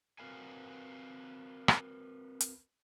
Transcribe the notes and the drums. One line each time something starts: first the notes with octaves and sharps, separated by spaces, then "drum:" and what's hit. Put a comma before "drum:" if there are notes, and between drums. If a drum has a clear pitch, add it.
C4 F#4 A#4 B4 F5 G#5
drum: rim click
drum: hi-hat